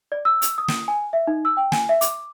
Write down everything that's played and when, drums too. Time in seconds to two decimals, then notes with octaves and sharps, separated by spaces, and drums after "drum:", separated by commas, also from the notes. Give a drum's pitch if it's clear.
0.12 D5
0.25 E6
0.42 drum: hi-hat
0.58 D#6
0.68 drum: snare
0.88 G#5
1.13 E5
1.27 D#4
1.45 E6
1.57 G5
1.72 G#5, drum: snare
1.89 E5
2.01 D6, drum: hi-hat